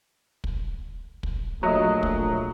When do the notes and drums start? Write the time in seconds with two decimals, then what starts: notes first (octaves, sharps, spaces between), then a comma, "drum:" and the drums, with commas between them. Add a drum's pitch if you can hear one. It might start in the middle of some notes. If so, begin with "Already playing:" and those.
0.44 drum: kick
1.23 drum: kick
1.63 A#1 A#2 F#3 A3 D#5
2.03 drum: kick